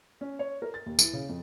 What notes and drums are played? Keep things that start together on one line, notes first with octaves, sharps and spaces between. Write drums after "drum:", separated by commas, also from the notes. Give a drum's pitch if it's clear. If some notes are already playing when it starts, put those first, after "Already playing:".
C#4
C#5
A#4
A6
D#2
E3, drum: tambourine
C#3
F2